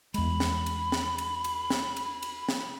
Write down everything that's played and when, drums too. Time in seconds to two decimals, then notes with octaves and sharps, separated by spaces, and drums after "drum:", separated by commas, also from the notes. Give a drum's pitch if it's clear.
0.14 E2 G#3 B5, drum: cymbal
0.40 drum: snare
0.66 drum: cymbal
0.92 drum: snare
1.18 drum: cymbal
1.44 drum: cymbal
1.70 drum: snare
1.96 drum: cymbal
2.23 drum: cymbal
2.49 drum: snare